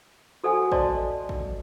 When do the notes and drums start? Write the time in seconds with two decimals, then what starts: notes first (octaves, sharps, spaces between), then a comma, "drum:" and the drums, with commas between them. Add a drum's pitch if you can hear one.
0.44 F#4 A4 C5 F#5 G#5
0.72 C5 D5 D#5 A5 C6, drum: kick A1
1.29 drum: kick A1